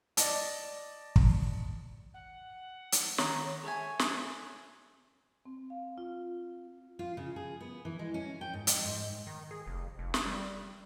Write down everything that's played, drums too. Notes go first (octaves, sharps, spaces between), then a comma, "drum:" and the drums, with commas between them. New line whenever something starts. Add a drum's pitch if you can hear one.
D5 D#5 A5, drum: hi-hat
drum: kick
F#5
drum: hi-hat
D#3 C#5 A#5, drum: snare
A4 C#5 E5 G#5
drum: snare
C4
F5
F4
F4
C#3
G#4
B3
E3
G#3
C#4
G5
G#2
D#5, drum: hi-hat
G#2
D#3
G#4
F1
F1
drum: snare
G3